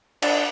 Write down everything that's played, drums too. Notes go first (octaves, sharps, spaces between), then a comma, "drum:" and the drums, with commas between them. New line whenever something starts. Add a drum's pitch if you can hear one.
D4, drum: cymbal